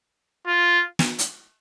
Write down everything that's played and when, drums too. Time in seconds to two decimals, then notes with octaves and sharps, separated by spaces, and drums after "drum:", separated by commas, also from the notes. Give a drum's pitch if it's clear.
0.47 F4
0.99 drum: snare
1.19 drum: hi-hat